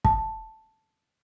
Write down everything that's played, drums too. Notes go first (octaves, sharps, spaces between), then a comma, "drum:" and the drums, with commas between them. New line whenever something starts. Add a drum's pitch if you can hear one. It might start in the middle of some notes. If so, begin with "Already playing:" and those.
A5, drum: kick